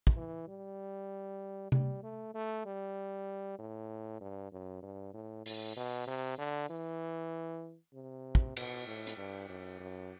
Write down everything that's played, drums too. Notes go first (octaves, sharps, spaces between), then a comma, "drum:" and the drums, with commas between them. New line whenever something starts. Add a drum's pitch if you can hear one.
drum: kick
E3
G3
G3, drum: tom C3
A3
A3
G3
A2
G2
F#2
G2
A2
A2, drum: open hi-hat
B2
C3
D3
E3
C3
drum: kick
B2, drum: cymbal
A2
drum: hi-hat
G2
F#2
F#2